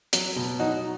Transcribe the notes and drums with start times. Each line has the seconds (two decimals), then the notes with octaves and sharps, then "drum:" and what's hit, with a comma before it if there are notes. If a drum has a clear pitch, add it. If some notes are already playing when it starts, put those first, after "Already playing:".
0.13 F#3, drum: hi-hat
0.36 B2
0.59 F#3 D#4 F#4